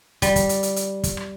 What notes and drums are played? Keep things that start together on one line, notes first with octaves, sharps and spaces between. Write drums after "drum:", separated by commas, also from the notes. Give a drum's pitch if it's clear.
G3, drum: kick, hi-hat
drum: kick, hi-hat
drum: hi-hat
drum: hi-hat
drum: hi-hat
drum: kick, hi-hat
drum: rim click